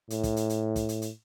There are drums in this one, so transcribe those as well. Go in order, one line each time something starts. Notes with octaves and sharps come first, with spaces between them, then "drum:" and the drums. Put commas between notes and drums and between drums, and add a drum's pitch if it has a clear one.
A2, drum: hi-hat
drum: kick, hi-hat
drum: hi-hat
drum: hi-hat
drum: kick, hi-hat
drum: hi-hat
drum: hi-hat